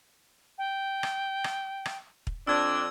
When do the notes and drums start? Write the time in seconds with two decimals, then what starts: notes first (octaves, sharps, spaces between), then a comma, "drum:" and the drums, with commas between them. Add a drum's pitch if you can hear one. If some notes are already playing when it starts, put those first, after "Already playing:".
0.58 G5
1.03 drum: rim click
1.44 drum: rim click
1.86 drum: rim click
2.27 drum: kick
2.47 F2 D4 E6 G#6